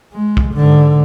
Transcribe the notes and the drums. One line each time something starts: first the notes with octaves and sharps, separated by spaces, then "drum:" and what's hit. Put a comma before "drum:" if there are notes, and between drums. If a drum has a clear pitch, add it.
G#3
drum: kick
G#2 D3